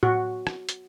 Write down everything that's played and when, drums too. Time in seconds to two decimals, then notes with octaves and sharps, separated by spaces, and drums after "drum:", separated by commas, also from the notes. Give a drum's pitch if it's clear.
0.03 F#4, drum: tom A2
0.47 drum: rim click
0.69 drum: hi-hat